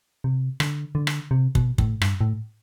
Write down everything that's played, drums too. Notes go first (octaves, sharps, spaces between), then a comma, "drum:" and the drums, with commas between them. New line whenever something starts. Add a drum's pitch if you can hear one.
C3
D3, drum: rim click
D3
drum: rim click
C3
B2, drum: kick
A2, drum: kick
G2, drum: rim click
A2